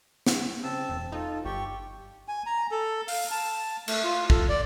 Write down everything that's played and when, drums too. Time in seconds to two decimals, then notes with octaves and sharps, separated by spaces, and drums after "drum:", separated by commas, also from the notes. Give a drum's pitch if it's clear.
0.26 drum: snare
0.64 C#3 C4 A5 E6
0.89 E1
1.12 D#4 F4 A4
1.45 G1 G4 G5 C#6
2.28 G#5
2.46 A#5
2.71 A4
3.08 F5, drum: open hi-hat
3.31 A5
3.88 A3, drum: cymbal
4.04 F4
4.30 A4, drum: kick
4.49 D5